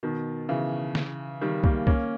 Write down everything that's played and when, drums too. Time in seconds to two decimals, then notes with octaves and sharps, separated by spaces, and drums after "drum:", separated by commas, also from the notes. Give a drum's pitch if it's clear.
0.03 B2 D#3
0.49 C#3 E3
0.95 drum: snare
1.41 D#3 G3
1.64 G3 A#3, drum: kick
1.87 A#3 C#4, drum: kick